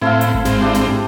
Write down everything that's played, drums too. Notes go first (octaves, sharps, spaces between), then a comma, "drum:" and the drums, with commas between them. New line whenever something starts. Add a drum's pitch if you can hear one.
A2 C4 E4 A4 F5
drum: hi-hat
drum: kick G#1
G#2 C4, drum: snare
D4 E4 G4
drum: snare